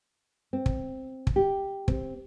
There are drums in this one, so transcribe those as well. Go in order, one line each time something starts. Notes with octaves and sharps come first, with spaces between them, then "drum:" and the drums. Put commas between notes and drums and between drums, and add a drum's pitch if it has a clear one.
C4
drum: kick
drum: kick
G4
C4, drum: kick